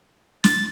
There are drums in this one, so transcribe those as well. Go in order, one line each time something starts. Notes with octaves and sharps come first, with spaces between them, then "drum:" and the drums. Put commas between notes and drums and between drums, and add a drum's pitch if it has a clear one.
A6, drum: snare